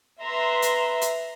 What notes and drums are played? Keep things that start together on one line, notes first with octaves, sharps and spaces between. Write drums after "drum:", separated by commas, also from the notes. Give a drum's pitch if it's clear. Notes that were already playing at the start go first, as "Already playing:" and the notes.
B4 E5 A#5 C6
drum: hi-hat
drum: hi-hat